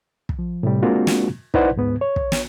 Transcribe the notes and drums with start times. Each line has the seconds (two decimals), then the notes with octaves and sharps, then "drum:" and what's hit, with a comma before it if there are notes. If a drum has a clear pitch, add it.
0.29 drum: kick
0.39 F3
0.63 A2 C3 G3
0.82 G#3 A#3 C4 D4 F4 F#4
1.07 drum: snare
1.54 D#4 E4 B4 C5 D5 F#5, drum: kick
1.76 D2 G#2 B3
2.01 C#5
2.16 drum: kick
2.32 drum: snare